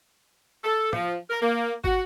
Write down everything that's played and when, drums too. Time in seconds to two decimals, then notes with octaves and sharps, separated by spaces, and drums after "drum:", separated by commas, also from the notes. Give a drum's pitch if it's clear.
0.64 A4
0.93 F3, drum: tom
1.30 A#4
1.41 A#3
1.84 F#4, drum: kick